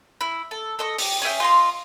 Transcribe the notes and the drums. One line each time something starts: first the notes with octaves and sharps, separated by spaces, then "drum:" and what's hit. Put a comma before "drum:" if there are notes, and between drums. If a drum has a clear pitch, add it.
E4
A4
A4 D#5 C#6
G4, drum: open hi-hat
C#4 G#4 E5 G5
F4 D#5 C6